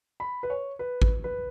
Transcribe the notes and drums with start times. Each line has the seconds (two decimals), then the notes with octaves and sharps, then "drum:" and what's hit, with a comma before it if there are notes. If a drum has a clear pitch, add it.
0.20 B5
0.43 B4
0.50 C#5
0.79 B4
1.02 drum: kick G#1
1.24 B4